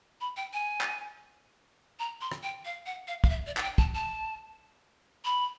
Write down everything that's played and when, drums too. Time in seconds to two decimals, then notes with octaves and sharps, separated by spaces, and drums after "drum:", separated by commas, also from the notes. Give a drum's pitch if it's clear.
0.21 B5
0.36 G5
0.53 G#5
0.81 drum: clap
1.99 A#5
2.21 C6
2.32 drum: rim click
2.43 G5
2.65 F5
2.86 F#5
3.08 F5
3.24 F5, drum: kick
3.29 E5
3.46 D5
3.57 F#5, drum: clap
3.62 G5
3.78 A5, drum: kick
3.95 A5
5.25 B5